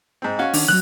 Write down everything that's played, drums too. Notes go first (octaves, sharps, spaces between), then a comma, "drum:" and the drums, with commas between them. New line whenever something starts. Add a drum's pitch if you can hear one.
G#2 C4
C#4 F#4 F5
D#3 D4, drum: open hi-hat
D#3 F#3 F#6